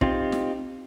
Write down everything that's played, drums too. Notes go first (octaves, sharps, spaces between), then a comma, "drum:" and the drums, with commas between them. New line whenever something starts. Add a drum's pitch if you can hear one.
C4 D#4 F4 G4, drum: kick
drum: snare